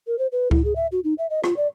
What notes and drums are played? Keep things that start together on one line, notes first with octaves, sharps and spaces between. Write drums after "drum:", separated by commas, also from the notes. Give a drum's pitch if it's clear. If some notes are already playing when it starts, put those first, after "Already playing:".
A#4
C5
B4
E4, drum: kick C#2
G#4
E5
F#4
D#4
E5
D#5
F4, drum: rim click
D5